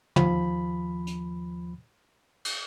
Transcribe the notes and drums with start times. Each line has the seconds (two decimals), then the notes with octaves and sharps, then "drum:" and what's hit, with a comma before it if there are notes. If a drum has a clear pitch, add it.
0.16 D#2 F3 B5, drum: tom
1.07 drum: hi-hat
2.45 drum: cymbal